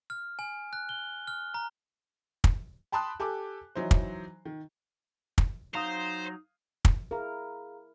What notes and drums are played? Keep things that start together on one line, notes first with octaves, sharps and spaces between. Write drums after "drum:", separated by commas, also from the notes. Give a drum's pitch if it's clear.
F6
G#5
F#6
G7
F6
A#5
drum: kick
G5 A5 B5 C6 D#6 F#6
G4 A4 G#5 D6
E3 F#3 D#4 C5
drum: kick
D#3
drum: kick
F#3 D#4 C5 F5 A#5 D#6
drum: kick
E4 G#4 A#4 F5 A#5